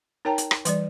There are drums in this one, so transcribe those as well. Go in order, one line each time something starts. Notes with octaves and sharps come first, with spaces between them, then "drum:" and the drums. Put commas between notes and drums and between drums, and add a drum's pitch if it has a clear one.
D#4 A#4 C#5 G5 A5 A#5
drum: hi-hat
drum: rim click
E3 G3 D5, drum: hi-hat